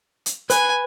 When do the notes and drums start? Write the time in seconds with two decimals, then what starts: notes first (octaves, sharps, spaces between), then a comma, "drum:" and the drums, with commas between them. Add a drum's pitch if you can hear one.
0.26 drum: hi-hat
0.50 B4 G#5, drum: hi-hat